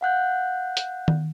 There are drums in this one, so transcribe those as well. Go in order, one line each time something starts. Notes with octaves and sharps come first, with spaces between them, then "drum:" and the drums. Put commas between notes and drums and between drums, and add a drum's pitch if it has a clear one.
F5 F#5 F#6 G6
drum: hi-hat
drum: tom D#3